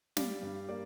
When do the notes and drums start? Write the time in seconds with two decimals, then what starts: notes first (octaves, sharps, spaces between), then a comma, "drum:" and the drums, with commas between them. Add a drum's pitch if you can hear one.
0.17 G3 D5 F5, drum: snare
0.42 G2
0.69 A#3 D5